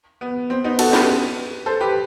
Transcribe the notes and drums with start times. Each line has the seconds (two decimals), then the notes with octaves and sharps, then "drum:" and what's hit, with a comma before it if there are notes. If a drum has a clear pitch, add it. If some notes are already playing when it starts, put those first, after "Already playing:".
0.21 B3
0.50 C4
0.64 B3 D#4
0.79 F#4 A4, drum: cymbal
0.93 G4 B4, drum: snare
1.66 A4 C5
1.80 G4 B4